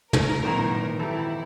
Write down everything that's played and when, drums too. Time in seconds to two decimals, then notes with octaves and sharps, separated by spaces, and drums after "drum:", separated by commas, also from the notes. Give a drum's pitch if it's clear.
0.13 A#4, drum: tom
0.43 G#1 F#2 A#2 D#3 E3 G5 A#5
0.99 E3 E4 G4 A4